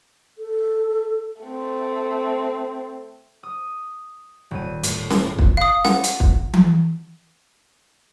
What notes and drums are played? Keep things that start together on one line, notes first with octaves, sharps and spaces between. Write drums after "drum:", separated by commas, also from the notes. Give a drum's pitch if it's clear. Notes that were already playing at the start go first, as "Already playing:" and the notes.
A4
A3 C4
D#6
D#1 D#7
A2, drum: hi-hat
drum: snare C#4
drum: kick
F5 D#6
F#5, drum: snare C#4
drum: hi-hat
drum: kick
drum: tom E3